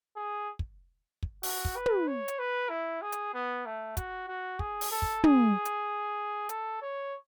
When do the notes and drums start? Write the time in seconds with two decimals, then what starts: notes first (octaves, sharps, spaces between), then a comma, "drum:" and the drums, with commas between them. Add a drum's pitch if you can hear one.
0.17 G#4
0.59 drum: kick
1.23 drum: kick
1.43 F#4, drum: open hi-hat
1.65 drum: kick
1.76 B4
1.86 drum: tom
2.07 C#5
2.28 drum: hi-hat
2.39 B4
2.70 E4
3.02 G#4
3.12 drum: hi-hat
3.34 B3
3.66 A3
3.97 F#4, drum: kick, hi-hat
4.28 F#4
4.59 G#4, drum: kick
4.81 drum: open hi-hat
4.91 A4
5.02 drum: kick
5.24 G#4, drum: tom
5.65 drum: hi-hat
6.49 A4, drum: hi-hat
6.82 C#5